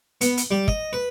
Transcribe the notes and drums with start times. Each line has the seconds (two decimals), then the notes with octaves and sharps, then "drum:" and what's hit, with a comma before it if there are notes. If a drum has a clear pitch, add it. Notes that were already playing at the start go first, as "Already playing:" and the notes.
0.21 B3, drum: hi-hat
0.37 drum: hi-hat
0.51 G3
0.68 D#5, drum: kick
0.93 B4